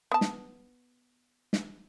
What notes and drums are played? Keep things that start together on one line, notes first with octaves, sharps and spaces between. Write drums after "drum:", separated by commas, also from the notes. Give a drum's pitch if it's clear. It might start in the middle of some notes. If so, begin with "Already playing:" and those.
B3 A5
drum: snare
drum: snare